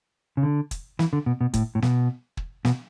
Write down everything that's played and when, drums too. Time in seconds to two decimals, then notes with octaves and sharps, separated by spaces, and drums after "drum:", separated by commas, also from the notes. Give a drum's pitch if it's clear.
0.37 C#3
0.43 D3
0.71 drum: kick, hi-hat
0.99 E3, drum: snare
1.13 D3
1.26 B2
1.41 B2
1.54 A2, drum: kick, hi-hat
1.75 A2
1.82 B2, drum: snare
2.37 drum: kick
2.65 B2, drum: snare